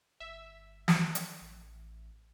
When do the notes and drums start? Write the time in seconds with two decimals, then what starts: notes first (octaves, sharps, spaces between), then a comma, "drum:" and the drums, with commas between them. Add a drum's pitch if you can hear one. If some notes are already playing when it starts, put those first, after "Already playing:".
0.20 G1 E5
0.88 drum: snare
1.15 drum: hi-hat
1.41 A1